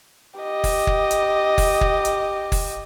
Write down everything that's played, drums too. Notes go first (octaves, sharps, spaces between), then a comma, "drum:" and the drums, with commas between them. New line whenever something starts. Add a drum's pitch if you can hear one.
G4 D#5
drum: kick, open hi-hat
drum: kick
drum: hi-hat
drum: kick, open hi-hat
drum: kick
drum: hi-hat
drum: kick, open hi-hat